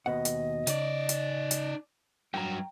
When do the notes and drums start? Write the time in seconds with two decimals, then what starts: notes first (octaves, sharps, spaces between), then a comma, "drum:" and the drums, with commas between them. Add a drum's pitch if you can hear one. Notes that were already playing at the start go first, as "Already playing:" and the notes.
0.06 D#2 B2 D#5 F#5
0.25 drum: hi-hat
0.67 C#3 D#4 D5, drum: hi-hat
1.09 drum: hi-hat
1.51 drum: hi-hat
2.34 G2 F#3 G5 A#5